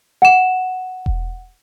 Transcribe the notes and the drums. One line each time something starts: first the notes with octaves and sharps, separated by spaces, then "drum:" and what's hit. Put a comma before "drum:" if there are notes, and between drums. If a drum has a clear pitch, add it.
F#5 E7
drum: kick E1